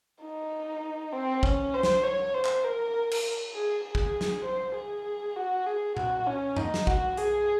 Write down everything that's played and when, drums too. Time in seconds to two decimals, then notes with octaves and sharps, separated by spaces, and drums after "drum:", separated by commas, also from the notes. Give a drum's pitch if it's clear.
0.22 D#4
1.13 C4
1.43 C#4, drum: kick
1.73 C5
1.83 drum: snare
2.03 C#5
2.34 C5
2.45 drum: clap
2.64 A#4
3.11 drum: cymbal
3.54 G#4
3.85 G#4
3.95 drum: kick
4.21 drum: snare
4.45 C5
4.75 G#4
5.36 F#4
5.67 G#4
5.97 F#4, drum: tom A#2
6.27 C#4
6.57 D#4, drum: tom G2
6.74 drum: snare
6.87 F#4, drum: kick
7.17 G#4, drum: hi-hat